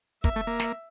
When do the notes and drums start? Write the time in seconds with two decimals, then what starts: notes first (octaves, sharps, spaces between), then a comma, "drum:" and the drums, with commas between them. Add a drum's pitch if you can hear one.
0.24 A#3 E5, drum: kick, hi-hat
0.36 A3
0.47 A#3
0.60 drum: snare